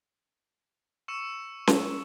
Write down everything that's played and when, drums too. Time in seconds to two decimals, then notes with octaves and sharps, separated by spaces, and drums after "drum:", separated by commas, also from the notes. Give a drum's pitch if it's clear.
1.08 C#6 E6 C#7 E7
1.67 drum: snare C#4